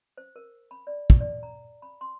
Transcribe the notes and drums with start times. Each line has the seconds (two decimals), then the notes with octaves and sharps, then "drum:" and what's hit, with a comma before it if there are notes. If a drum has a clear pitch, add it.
0.17 C5
0.36 A#4
0.71 B5
0.87 D5
1.10 drum: kick
1.21 D5
1.43 A#5
1.82 B5
2.01 C6